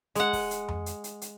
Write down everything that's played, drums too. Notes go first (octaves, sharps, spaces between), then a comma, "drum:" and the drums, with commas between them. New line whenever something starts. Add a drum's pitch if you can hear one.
G#3 F#5, drum: hi-hat
drum: kick, open hi-hat
drum: hi-hat
drum: tom F2
drum: hi-hat
drum: hi-hat
drum: hi-hat